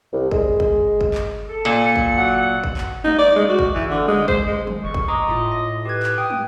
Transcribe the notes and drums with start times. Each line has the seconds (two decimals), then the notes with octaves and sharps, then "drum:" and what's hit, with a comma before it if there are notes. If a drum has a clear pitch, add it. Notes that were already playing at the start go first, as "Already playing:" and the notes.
0.12 C2
0.31 G#3, drum: kick
0.60 drum: kick
1.01 drum: kick
1.14 drum: clap
1.49 A4
1.65 A#2 C#7
1.96 drum: kick
2.17 F#3 F#5
2.64 drum: kick
2.77 drum: clap
3.04 D#4, drum: tom
3.19 D5
3.36 G#3
3.49 F#4
3.59 drum: kick
3.74 E3
3.90 D3
4.08 G#3
4.28 C5, drum: kick
4.47 G#3
4.67 drum: tom
4.84 G1 C#6
4.94 drum: kick
5.08 G#3 D#5 A#5 D6
5.28 A2 F4
5.52 A#6
5.85 G4 B4 G#6
6.03 drum: clap
6.18 G5 D#6
6.30 drum: tom